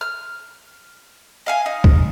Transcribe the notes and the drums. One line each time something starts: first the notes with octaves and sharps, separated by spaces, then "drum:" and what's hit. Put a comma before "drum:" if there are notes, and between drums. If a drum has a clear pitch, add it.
F6
D#5 F5 G#5
D#4
drum: kick